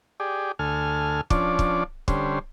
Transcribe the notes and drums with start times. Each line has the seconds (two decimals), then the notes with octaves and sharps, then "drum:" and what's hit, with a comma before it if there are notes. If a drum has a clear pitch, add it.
0.20 G4 G#4 D5
0.59 D2 A4 G#5 F6
1.30 F3 C#4 D4 D5, drum: kick
1.59 drum: kick
2.08 D3 G3 C#4 C5, drum: kick